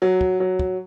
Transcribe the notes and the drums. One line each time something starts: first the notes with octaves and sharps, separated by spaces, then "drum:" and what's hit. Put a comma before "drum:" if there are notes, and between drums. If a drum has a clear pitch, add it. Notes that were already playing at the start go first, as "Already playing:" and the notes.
F#3
drum: kick
F#3
drum: kick